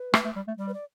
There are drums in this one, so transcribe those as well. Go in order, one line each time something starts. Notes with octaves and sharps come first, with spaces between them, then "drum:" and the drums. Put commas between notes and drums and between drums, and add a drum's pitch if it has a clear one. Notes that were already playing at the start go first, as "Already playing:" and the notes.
Already playing: B4
A3, drum: rim click
A3
G3
A3
G3 D5
B4
D5